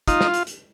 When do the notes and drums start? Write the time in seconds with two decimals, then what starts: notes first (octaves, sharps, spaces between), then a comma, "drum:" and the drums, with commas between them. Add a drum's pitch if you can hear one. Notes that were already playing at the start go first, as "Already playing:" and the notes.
0.08 D#4 F4, drum: kick, hi-hat
0.21 drum: snare
0.34 drum: hi-hat
0.47 drum: hi-hat